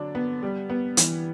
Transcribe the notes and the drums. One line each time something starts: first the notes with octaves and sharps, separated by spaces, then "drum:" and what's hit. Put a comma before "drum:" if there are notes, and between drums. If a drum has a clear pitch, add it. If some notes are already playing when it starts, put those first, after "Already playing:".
Already playing: D3 F#3 D4
B3
G3
B3
E3, drum: hi-hat